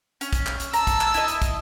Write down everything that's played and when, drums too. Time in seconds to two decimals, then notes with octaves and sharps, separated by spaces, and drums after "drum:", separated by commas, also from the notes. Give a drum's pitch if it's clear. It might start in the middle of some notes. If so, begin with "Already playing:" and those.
0.21 C#4, drum: hi-hat
0.33 drum: kick, hi-hat
0.46 drum: clap
0.60 drum: hi-hat
0.73 A5 A#5 E6, drum: hi-hat
0.87 drum: kick, hi-hat
1.01 drum: clap
1.14 E4 D#5, drum: hi-hat
1.28 drum: hi-hat
1.42 drum: kick, hi-hat